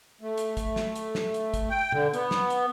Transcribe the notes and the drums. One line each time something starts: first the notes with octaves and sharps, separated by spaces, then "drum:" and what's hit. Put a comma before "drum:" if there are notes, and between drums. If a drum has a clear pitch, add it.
A3
drum: hi-hat
drum: kick, hi-hat
drum: snare
drum: hi-hat
drum: snare
drum: hi-hat
drum: kick, hi-hat
G5
D3, drum: tom
B3, drum: hi-hat
drum: snare
drum: hi-hat